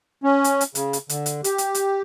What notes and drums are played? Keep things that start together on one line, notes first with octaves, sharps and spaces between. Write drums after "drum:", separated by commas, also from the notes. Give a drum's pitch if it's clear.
C#4
drum: hi-hat
drum: hi-hat
C#3, drum: hi-hat
drum: hi-hat
D3, drum: hi-hat
drum: hi-hat
G4, drum: hi-hat
drum: hi-hat
drum: hi-hat